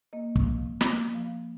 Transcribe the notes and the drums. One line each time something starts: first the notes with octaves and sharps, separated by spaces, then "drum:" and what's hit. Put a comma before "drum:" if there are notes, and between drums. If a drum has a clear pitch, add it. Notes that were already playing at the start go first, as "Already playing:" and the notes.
A#3 D#5
drum: kick
F3
A#3, drum: snare
F3